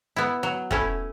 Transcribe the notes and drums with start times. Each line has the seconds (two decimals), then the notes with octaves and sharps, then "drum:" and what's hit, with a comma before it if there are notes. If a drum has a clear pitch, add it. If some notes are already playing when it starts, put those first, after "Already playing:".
0.16 B3 E4
0.43 F#3
0.71 A3 C#4 E4, drum: kick